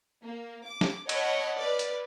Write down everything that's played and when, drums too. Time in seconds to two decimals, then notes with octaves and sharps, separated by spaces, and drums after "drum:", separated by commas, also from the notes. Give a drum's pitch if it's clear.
0.23 A#3
0.67 D6
0.81 drum: snare
1.09 C#5 D#5 F#5 A5 B5 C#6, drum: cymbal
1.57 B4 D5
1.79 drum: hi-hat